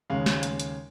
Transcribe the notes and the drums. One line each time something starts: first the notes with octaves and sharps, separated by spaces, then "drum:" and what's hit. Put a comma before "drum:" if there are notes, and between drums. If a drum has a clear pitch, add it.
D#2 C#3 G#3 C#4 F5
drum: snare
drum: hi-hat
drum: hi-hat